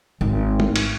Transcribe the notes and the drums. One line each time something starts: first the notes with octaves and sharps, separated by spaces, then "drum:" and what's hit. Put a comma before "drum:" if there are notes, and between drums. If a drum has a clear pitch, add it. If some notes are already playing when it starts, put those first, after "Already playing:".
G#1
drum: tom
drum: cymbal